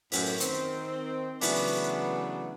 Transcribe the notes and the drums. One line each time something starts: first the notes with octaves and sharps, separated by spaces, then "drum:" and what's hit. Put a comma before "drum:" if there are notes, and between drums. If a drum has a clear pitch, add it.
F#2 A2, drum: open hi-hat
D#3 C4, drum: hi-hat
C#3 E3 F#3 A3 B3 D4, drum: open hi-hat